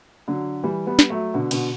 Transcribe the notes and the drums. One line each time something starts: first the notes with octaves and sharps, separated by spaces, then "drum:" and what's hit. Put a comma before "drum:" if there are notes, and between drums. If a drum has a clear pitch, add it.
D3 F#3
E3 G3
G3 B3
drum: snare
F#3 A3
B2 D3
B2 D3, drum: cymbal